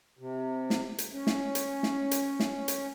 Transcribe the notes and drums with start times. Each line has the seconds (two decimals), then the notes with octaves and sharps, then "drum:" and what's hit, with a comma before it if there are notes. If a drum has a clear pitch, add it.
0.19 C3
0.70 drum: snare
0.98 drum: hi-hat
1.13 C#4
1.27 drum: snare
1.55 drum: hi-hat
1.83 drum: snare
2.11 drum: hi-hat
2.40 drum: snare
2.68 drum: hi-hat